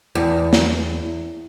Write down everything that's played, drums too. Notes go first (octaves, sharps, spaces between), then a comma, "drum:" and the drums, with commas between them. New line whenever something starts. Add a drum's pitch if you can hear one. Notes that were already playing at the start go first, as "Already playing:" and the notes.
E2
drum: snare